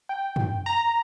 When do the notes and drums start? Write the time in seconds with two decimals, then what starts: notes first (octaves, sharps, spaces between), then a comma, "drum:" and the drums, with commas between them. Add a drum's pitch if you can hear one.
0.09 G5
0.36 drum: tom
0.66 A#5